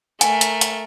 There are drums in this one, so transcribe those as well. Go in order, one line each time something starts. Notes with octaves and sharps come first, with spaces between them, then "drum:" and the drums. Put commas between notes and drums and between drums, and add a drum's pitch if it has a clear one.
A3 A#4 G#5, drum: hi-hat
drum: hi-hat
drum: hi-hat